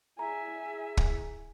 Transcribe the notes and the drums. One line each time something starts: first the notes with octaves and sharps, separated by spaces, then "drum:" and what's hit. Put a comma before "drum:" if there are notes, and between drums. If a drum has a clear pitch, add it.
E4 G#4 E5 G#5 A#5
drum: kick